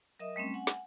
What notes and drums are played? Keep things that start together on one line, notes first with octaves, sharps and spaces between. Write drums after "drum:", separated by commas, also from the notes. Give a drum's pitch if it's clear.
F#3 A#4 D#5 E5 D#6
G3 A3 C4 C#4
F#5 G#5
drum: snare